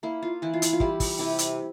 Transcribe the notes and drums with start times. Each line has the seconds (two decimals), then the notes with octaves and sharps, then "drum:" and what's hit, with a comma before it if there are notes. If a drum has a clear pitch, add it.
0.03 A#3 E4
0.23 F4
0.42 E3 E4
0.54 F4
0.62 E4, drum: hi-hat
0.73 F4
0.80 G3 E4 G4, drum: kick
1.00 drum: kick, open hi-hat
1.19 C3 E4 G4
1.39 drum: hi-hat